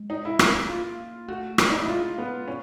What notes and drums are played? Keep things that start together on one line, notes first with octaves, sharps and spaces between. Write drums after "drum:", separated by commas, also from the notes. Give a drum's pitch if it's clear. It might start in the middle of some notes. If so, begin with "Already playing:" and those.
Already playing: G#3
D#4
E4
A#3, drum: rim click
A#3
F4
A3 F#4
drum: rim click
D#4
E4
G#3 F4
B3
C#4